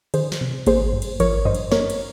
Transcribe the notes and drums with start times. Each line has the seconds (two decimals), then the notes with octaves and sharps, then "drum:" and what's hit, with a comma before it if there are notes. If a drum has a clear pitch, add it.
0.14 D#3 G#4 C5, drum: cymbal
0.32 drum: snare
0.41 C3
0.66 A#3 G#4 C5, drum: kick G#1, cymbal
0.93 G2
1.02 drum: cymbal
1.20 F3 A#4 C#5, drum: kick G#1, cymbal
1.45 G2 C5 D#5
1.55 drum: cymbal
1.72 A#3 A#4 C#5, drum: snare
1.90 drum: cymbal